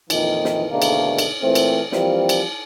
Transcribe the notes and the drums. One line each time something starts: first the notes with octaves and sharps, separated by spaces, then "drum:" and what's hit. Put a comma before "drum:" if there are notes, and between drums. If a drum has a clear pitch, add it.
F2 A#2 D#3 E3, drum: cymbal
drum: snare
G#2 B2 D3 D#3 A3 A#3
drum: cymbal
drum: cymbal
A#2 E3 A3 C4
drum: cymbal
E3 F3 G3 A#3 C4, drum: snare
drum: cymbal